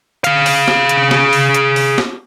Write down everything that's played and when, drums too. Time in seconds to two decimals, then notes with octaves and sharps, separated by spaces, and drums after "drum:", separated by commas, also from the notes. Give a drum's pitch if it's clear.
0.24 G#4 F5, drum: hi-hat
0.46 drum: open hi-hat
0.68 drum: snare
0.89 drum: hi-hat
1.11 drum: snare
1.33 drum: open hi-hat
1.55 drum: hi-hat
1.76 drum: open hi-hat
1.98 drum: snare